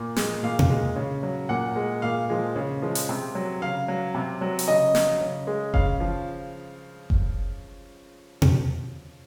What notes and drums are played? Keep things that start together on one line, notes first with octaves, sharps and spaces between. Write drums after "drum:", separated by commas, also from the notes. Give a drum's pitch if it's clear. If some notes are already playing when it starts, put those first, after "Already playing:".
Already playing: A#2
G#3, drum: snare
A#2 F5
drum: tom B2
G#3
C#3
F#3
A#2 F#5
G#3
A#2 F5
F3 G#3
C#3
F3 G#3
drum: hi-hat
C3
F#3
C#3 F5
F#3
C3
F#3
drum: hi-hat
C#3 D#5
F#3, drum: snare
C#3
G#3
C#3 F5, drum: kick F#1
F3
drum: kick F#1
drum: tom B2